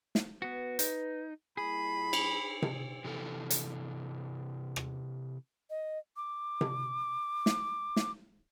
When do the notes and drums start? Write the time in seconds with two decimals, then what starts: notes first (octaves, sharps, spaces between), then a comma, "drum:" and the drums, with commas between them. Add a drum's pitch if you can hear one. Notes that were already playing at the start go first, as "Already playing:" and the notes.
0.15 drum: snare
0.42 B3 F#4 B4
0.79 D#4, drum: hi-hat
1.57 A#2 G3 E4 G#4 B5
2.13 drum: cymbal
2.62 drum: tom C3
3.05 C3 E3 A4
3.50 drum: hi-hat
4.76 drum: rim click
5.70 D#5
6.17 D6
6.61 drum: tom C3
7.46 drum: snare
7.96 drum: snare